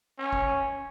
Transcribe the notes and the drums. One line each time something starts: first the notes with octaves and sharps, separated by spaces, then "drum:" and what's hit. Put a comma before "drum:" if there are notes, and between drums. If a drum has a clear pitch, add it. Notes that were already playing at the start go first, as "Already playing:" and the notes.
C#4
drum: kick